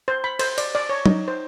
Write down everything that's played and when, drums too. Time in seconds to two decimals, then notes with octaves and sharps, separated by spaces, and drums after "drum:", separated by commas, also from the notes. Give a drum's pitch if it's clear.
0.08 C5
0.24 B5
0.39 C5, drum: cymbal
0.58 D5, drum: cymbal
0.75 D5
0.89 C#5
1.06 D#4, drum: tom
1.28 C5